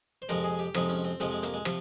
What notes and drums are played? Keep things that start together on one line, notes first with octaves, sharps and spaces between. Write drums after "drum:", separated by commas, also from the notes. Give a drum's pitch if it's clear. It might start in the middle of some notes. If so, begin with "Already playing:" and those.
C5
F2 C3 F3 G#3 A#4, drum: hi-hat
G#4
G4
F2 C3 F3 G#3 D#4, drum: rim click
C#4
C4
F2 C3 F3 G#3, drum: hi-hat
G#3
A#3, drum: hi-hat
G#3
C3 F3, drum: rim click